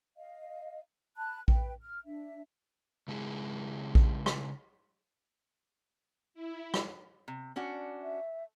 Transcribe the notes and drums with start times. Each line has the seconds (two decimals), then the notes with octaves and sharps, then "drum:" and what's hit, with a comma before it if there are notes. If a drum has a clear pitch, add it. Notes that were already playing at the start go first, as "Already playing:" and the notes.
0.17 D#5 F5
1.17 A5 B5 F#6
1.48 B4 G5, drum: kick A#1
1.82 F6
2.05 D4 E5
3.08 C#3 G#3 E4 G#4
3.95 drum: kick A#1
4.26 drum: rim click
6.34 E4
6.74 drum: rim click
7.28 C3
7.56 C#4 D4 F#4
8.02 E5